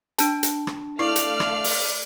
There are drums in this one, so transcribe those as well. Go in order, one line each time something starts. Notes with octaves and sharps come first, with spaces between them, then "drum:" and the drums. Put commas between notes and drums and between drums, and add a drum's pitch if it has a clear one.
D4 A5, drum: hi-hat
drum: hi-hat
drum: rim click
A3 E4 D5 F5 F6
drum: hi-hat
drum: rim click
drum: open hi-hat